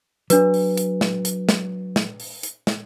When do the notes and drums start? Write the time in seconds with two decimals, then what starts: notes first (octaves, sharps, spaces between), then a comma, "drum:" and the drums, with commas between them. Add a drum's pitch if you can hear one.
0.30 F#3 D4 B4, drum: hi-hat
0.54 drum: open hi-hat
0.77 drum: hi-hat
1.01 drum: snare
1.25 drum: hi-hat
1.49 drum: snare
1.96 drum: snare
2.20 drum: open hi-hat
2.43 drum: hi-hat
2.67 drum: snare